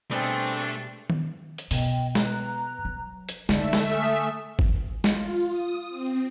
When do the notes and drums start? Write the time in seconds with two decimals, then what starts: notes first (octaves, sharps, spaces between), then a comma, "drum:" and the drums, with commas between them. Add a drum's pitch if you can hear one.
0.11 B2 G3 A3 C4 D4 G#4
1.10 drum: tom D#3
1.58 drum: hi-hat
1.71 B2 D#5 G5, drum: open hi-hat
2.15 B4 A#5 F#6, drum: snare G#3
2.85 F#3
3.29 drum: hi-hat
3.49 D3 A3 D#4 D5 E5 A5, drum: snare G#3
3.73 drum: snare G#3
3.92 G#5 D#6 F6
4.59 drum: kick
5.04 F4, drum: snare G#3
5.48 D#6
5.89 C4